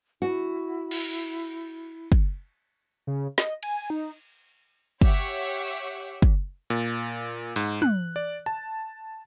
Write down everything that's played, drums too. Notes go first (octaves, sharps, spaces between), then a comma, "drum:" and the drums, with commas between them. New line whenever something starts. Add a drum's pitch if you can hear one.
E4 F#4
drum: cymbal
drum: kick
C#3
D#5, drum: snare
G#5, drum: cymbal
D#4
G4 C#5 E5 F#5, drum: kick
drum: kick
A#2
G#2, drum: open hi-hat
F#6, drum: tom
D5
A5